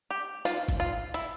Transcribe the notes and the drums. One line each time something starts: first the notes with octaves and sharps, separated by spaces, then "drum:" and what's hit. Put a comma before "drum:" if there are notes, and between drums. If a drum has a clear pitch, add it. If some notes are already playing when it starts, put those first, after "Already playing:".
G4
F4, drum: snare
drum: kick, hi-hat
F4
E4, drum: hi-hat